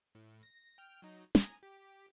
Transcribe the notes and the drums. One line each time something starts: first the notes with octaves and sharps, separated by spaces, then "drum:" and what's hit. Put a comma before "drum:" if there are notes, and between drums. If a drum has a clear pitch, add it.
A2
A#6
G5 F6
F#3 D#4
G#5 A#5 D#6, drum: snare
G4